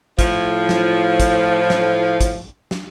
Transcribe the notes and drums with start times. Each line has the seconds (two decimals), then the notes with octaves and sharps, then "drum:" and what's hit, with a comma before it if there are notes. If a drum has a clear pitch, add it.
0.19 A2 F3, drum: kick, hi-hat
0.69 drum: snare
1.20 drum: kick, hi-hat
1.70 drum: snare
2.21 drum: kick, hi-hat
2.71 drum: snare